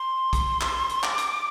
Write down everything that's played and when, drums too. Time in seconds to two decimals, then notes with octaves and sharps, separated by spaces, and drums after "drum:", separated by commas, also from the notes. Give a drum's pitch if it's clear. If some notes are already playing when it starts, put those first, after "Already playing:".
Already playing: C6
0.33 drum: kick, hi-hat
0.61 drum: clap
0.89 drum: hi-hat
1.03 D6, drum: clap
1.18 drum: hi-hat